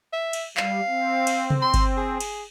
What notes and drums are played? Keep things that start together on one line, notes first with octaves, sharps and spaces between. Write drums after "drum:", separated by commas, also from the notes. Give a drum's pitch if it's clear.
E5
drum: cymbal
G3 F5, drum: clap
C4
drum: cymbal
drum: tom C3
C6
drum: kick G1, cymbal
G#4
drum: cymbal